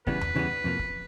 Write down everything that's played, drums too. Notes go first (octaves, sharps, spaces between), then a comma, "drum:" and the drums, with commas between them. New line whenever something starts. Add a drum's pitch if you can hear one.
C#3 E3 G3 B3 B4, drum: kick
drum: tom E2
C#3 E3 G3 B3
F2 C3 F3 A#3
drum: kick